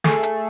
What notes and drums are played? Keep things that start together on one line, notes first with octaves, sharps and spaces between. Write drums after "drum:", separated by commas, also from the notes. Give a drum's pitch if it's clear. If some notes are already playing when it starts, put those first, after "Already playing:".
A3 G#4, drum: snare
drum: hi-hat